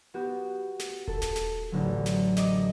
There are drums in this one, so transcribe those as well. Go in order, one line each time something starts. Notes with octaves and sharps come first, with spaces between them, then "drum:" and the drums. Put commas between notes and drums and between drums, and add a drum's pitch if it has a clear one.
B3 F#4 G4
drum: snare
A4, drum: kick D#1
drum: snare
drum: snare
A1 D3 F#3
drum: snare
D#5 D6 D#6, drum: snare